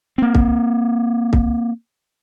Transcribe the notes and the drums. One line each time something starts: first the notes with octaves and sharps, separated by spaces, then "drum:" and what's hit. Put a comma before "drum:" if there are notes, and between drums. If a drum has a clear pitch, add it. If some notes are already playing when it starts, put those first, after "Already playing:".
A#3 C4
drum: kick C2
drum: kick C2